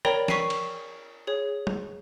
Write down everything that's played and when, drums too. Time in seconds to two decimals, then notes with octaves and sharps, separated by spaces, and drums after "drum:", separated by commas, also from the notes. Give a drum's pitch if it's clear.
0.05 A#4 C#5 D5 G5 A#5 B5, drum: rim click
0.28 C#6 B6 C7 D#7, drum: snare
0.50 drum: cymbal
1.27 G#4 C#5
1.67 drum: tom